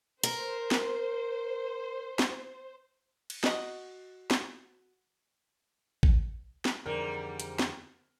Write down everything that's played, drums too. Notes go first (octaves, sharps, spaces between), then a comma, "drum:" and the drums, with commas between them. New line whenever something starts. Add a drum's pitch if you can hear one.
A#4 C5
drum: snare
drum: snare
drum: cymbal
F#4 D#5, drum: snare
drum: snare
drum: kick A1
drum: snare
F2 G#2 D3 E3 G3 A#4
drum: hi-hat
drum: snare